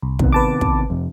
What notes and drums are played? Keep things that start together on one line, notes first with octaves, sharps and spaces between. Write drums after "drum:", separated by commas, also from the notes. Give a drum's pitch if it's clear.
C2
C3 D#3 B3, drum: kick
B4 A5 D6
drum: kick
F2 C3